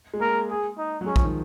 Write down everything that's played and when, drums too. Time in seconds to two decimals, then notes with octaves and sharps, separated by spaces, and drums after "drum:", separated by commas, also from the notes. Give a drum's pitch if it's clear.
0.14 G#3
0.20 A#3 A#4
0.50 G#4
0.78 D#4
1.01 F#3
1.06 G#3 C#4
1.16 F3, drum: kick
1.24 D#3